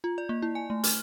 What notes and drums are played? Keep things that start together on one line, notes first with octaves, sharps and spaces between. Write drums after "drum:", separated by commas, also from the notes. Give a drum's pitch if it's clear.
F4
D5
A#3
E4
G#5
A3
F6, drum: hi-hat